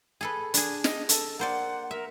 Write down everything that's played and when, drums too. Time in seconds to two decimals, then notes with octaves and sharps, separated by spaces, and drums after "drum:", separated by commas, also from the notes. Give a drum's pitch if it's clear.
0.21 G#4 A4 B4
0.54 D4 G#4, drum: hi-hat
0.84 D#5, drum: snare
1.09 A4, drum: hi-hat
1.39 A#3 C5 D5 F#5
1.91 A#4 E5